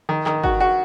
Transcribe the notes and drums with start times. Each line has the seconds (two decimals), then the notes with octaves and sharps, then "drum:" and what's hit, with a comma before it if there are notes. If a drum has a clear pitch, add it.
0.09 D#3
0.26 D#3, drum: clap
0.44 F#4, drum: kick
0.60 F#4